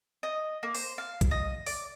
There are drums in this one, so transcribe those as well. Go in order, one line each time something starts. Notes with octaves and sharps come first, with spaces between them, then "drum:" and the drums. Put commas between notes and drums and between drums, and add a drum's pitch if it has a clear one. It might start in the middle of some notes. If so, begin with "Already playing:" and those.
D#5
A#3
C5, drum: open hi-hat
F5
drum: kick, hi-hat
D#5
D5, drum: open hi-hat